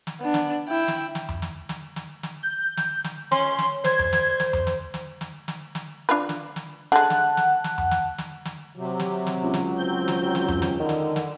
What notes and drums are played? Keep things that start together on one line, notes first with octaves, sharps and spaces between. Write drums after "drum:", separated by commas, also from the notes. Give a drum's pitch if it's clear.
drum: snare
B3 D4
drum: snare
E4 G5
drum: snare
drum: snare
drum: tom F2
drum: snare
drum: snare
drum: snare
drum: snare
G6
drum: snare
drum: snare
C#4 C6, drum: snare
drum: snare
C5 G#6, drum: snare
drum: tom F2
drum: snare
drum: snare
drum: tom F2
drum: snare
drum: snare
drum: snare
drum: snare
drum: snare
D4 F4 B4
drum: snare
drum: snare
D3 G#3 F#5 A5 F#6
drum: snare
drum: snare
drum: snare
drum: tom F2
drum: snare
drum: snare
drum: snare
C3 F#3
drum: snare
drum: snare
C#2
drum: snare
C4 G6
drum: snare
drum: snare
drum: tom F2
drum: snare
D3 D#3
drum: snare
drum: snare